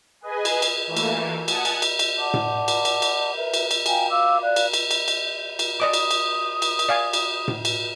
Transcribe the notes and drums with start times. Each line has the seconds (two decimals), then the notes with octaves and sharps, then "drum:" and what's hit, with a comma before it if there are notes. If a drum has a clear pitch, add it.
0.21 G#4 B4 D#5 G#5
0.45 drum: cymbal
0.62 drum: cymbal
0.87 E3 A3 A#3
0.97 drum: cymbal
1.48 F#5 G#5 A5 D#6, drum: cymbal
1.65 drum: cymbal
1.82 drum: cymbal
1.99 drum: cymbal
2.17 D5 F#5 A5 D6
2.34 drum: tom A2
2.68 drum: cymbal
2.85 drum: cymbal
3.02 drum: cymbal
3.35 A#4 B4 E5
3.54 drum: cymbal
3.71 drum: cymbal
3.86 F5 G5 G#5 A#5, drum: cymbal
4.09 F5 D6 E6
4.42 D5 F5 F#6
4.56 drum: cymbal
4.74 drum: cymbal
4.91 drum: cymbal
5.08 drum: cymbal
5.59 drum: cymbal
5.80 D5 D#5 D6 D#6
5.93 drum: cymbal
6.11 drum: cymbal
6.62 drum: cymbal
6.79 drum: cymbal
6.89 D5 F5 G#5
7.13 drum: cymbal
7.48 drum: tom A2
7.65 drum: cymbal